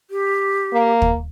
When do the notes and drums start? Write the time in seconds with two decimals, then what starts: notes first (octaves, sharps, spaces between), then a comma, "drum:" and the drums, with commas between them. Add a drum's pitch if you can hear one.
0.10 G4
0.73 A#3
1.02 drum: kick